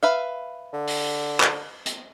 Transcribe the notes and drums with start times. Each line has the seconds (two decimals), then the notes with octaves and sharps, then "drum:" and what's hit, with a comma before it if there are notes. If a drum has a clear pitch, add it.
0.03 B4 E5 F5
0.73 D3
0.87 drum: open hi-hat
1.40 drum: clap
1.86 drum: hi-hat